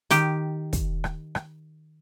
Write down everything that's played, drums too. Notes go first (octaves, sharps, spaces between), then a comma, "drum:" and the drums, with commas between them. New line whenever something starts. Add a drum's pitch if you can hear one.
D#3 G4, drum: hi-hat
drum: kick, hi-hat
drum: rim click
drum: rim click